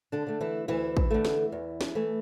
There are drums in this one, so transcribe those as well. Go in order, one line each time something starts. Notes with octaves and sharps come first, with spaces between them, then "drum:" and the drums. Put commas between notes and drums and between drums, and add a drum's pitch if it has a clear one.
D3 D4
D3 A3
E3 E4
D2 E3 E4
drum: kick
D3 A3
drum: snare
E2
drum: snare
E3 A3